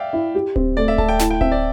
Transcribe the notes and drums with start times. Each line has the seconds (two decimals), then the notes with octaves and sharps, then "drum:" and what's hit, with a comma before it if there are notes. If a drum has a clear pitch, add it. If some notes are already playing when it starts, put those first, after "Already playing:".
Already playing: D5 E5 F5 G5
0.13 E4
0.35 G4
0.56 C4, drum: kick D1
0.77 A3 D5
0.88 E5
0.98 A3 A5, drum: kick D1
1.09 G5
1.19 E4 A5, drum: snare
1.31 G5
1.41 C4 E5, drum: kick D1
1.52 D5